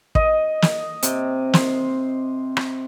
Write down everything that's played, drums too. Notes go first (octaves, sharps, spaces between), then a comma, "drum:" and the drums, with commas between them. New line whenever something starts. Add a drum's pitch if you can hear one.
D#5, drum: kick
drum: snare
C3, drum: hi-hat
C6, drum: snare
drum: rim click